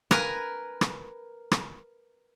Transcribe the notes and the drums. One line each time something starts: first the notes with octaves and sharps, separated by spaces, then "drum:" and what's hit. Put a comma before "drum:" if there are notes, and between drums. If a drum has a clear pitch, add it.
A#4 B4 G#5 A#5, drum: rim click
drum: rim click
drum: rim click